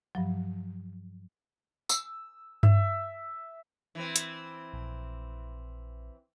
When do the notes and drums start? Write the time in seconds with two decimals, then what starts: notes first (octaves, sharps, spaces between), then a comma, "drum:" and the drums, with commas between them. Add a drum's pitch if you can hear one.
0.15 G2 F3 F#3
1.89 E6, drum: tambourine
2.63 E5, drum: tom G2
3.95 E3 C4
4.16 drum: hi-hat
4.73 A#1